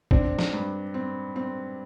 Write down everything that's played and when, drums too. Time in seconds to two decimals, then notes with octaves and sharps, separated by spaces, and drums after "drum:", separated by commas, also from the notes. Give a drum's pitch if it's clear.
0.11 C4 D4, drum: kick
0.39 drum: snare
0.53 G2
0.94 C4
1.36 C4